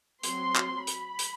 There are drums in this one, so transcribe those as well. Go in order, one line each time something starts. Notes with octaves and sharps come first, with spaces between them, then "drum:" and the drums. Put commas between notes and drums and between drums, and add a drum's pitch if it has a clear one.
F#3 C4 C6, drum: hi-hat
drum: clap
B5, drum: hi-hat
drum: hi-hat